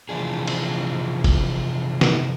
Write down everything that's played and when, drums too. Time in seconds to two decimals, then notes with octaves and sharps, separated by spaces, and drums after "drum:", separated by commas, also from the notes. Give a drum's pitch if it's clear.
0.09 C3 E3 F3 D4 G#4
0.47 drum: cymbal
1.24 drum: kick F1, cymbal
2.01 drum: snare